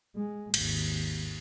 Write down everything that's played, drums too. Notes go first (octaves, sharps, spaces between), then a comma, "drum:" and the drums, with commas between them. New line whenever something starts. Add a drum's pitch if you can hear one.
G#3
G#1 D#2, drum: cymbal